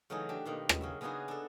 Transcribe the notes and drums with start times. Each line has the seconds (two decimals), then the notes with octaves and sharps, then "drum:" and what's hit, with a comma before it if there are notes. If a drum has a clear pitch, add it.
0.10 C#3 E3 F#3 A3 D#4
0.29 D4 G4
0.45 B2 D#3 A#3
0.69 drum: rim click
0.81 C#3 F#3 E5
1.01 C#3 B3 D4 D#4 F#4 G#4
1.28 D4 A4